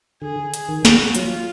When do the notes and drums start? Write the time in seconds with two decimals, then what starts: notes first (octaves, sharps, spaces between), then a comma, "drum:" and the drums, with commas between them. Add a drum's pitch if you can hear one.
0.22 D3 G#4
0.54 G#4, drum: hi-hat
0.69 D#3
0.85 F#4, drum: snare
1.15 F#3 F4, drum: hi-hat